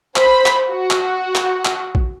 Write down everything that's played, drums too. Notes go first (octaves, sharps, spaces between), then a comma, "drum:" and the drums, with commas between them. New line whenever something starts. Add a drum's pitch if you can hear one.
C5 B5, drum: clap
drum: clap
F#4
drum: clap
drum: clap
drum: clap
drum: kick